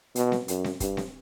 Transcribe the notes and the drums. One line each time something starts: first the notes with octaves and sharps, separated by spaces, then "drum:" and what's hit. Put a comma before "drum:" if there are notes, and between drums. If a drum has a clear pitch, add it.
B2, drum: hi-hat
drum: snare C4
F#2, drum: hi-hat
drum: snare C4
G2, drum: kick, hi-hat
drum: snare C4